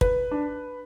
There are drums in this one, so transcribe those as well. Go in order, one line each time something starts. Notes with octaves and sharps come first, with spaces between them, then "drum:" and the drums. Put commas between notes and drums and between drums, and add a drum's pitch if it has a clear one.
B4, drum: kick
D4